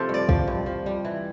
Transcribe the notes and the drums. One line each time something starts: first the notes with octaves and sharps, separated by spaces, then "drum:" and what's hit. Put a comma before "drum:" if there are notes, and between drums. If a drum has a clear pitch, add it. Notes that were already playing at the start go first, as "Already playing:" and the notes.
Already playing: C3 F3 C4 F4 G4 A4
G2
D5
F3, drum: kick
G2
F3
G3
E3